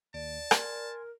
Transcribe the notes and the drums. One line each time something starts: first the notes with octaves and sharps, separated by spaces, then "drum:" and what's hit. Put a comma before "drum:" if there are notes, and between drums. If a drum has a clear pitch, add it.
D#2 D5 A5
A#4 G#5 C6 G#6, drum: rim click